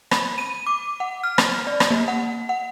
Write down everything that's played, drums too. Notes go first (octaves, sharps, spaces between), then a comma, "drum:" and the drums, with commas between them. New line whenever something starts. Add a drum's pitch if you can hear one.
B5, drum: rim click
D#7
D6
F#5
F6
drum: rim click
D5
drum: rim click
A#3
F#5
F#5